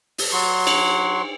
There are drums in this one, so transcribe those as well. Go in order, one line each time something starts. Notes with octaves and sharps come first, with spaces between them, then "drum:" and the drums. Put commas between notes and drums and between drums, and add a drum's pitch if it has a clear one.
drum: open hi-hat
F#3 C6 C#6
drum: cymbal